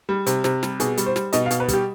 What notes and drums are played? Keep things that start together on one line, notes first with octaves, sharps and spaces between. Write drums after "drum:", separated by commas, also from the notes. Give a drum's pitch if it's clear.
G3
C3, drum: hi-hat
C3, drum: snare
G3, drum: snare
B2 G#4, drum: hi-hat
G3, drum: hi-hat
C5
G3, drum: snare
B2 D#5, drum: hi-hat
F5
B2, drum: hi-hat
B4
G3, drum: kick, hi-hat
G4